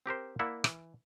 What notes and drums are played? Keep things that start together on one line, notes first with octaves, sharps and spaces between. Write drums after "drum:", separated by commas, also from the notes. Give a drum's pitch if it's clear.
C4 G4 A#4 C5
A#3 E4 D5 E5 F#5
E3, drum: rim click